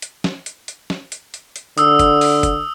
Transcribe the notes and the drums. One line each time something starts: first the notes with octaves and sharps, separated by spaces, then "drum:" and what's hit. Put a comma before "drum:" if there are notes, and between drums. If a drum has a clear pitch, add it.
drum: hi-hat
drum: snare
drum: hi-hat
drum: hi-hat
drum: snare
drum: hi-hat
drum: hi-hat
drum: hi-hat
D3 D#6 E6, drum: hi-hat
drum: kick, hi-hat
drum: open hi-hat
drum: kick, hi-hat